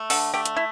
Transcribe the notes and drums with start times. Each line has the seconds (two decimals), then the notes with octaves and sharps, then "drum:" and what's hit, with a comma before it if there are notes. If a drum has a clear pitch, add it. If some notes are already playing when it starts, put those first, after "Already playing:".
Already playing: A3
0.10 D3 A4, drum: open hi-hat
0.34 A3 G4
0.45 drum: hi-hat
0.57 E4